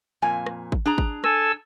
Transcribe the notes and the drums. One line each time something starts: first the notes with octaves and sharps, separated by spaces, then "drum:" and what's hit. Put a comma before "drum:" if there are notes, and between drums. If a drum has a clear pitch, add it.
F2 A#2 G#5
drum: rim click
drum: kick G#1
D4 G#4 A#5
drum: kick G#1
A4 G#5 E6, drum: rim click